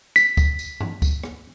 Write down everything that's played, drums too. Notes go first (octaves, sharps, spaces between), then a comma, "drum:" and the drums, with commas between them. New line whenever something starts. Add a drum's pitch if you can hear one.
B6, drum: tambourine
drum: kick C#2, tambourine
drum: tambourine
drum: tom G2
drum: kick C#2, tambourine
drum: rim click